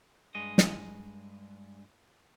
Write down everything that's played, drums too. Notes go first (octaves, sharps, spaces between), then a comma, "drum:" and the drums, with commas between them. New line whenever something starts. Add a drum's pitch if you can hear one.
G2 G#3 D#5
drum: snare